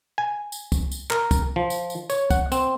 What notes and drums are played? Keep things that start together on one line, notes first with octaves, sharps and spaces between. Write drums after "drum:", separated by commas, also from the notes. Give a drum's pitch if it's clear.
G#5
drum: tambourine
drum: kick, tambourine
drum: tambourine
A#4, drum: clap
drum: kick, tambourine
F3
drum: tambourine
drum: tambourine
C#5, drum: tambourine
F#5, drum: kick, tambourine
C4, drum: tambourine